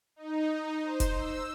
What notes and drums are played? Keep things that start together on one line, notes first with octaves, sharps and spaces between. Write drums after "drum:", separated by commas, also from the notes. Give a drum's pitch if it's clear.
D#4
C5
drum: kick, hi-hat
E6